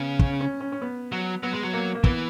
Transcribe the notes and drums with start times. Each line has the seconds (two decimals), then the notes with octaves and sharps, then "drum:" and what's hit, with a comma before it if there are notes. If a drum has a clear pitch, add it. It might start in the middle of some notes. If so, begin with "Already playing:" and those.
Already playing: C#3 B3
0.19 C#4, drum: kick
0.40 C#4
0.60 C#4
0.72 C#4
0.82 B3
1.12 F#3
1.43 F#3 B3
1.53 G#3
1.63 F#3
1.74 A#3
1.95 A#3
2.04 E3 B3, drum: kick